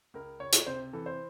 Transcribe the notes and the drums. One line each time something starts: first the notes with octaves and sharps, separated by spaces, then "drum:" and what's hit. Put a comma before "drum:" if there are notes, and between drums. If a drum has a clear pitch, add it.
C#2 A#4
C#2 C#5
drum: hi-hat
C3 C5
E3 A4
C5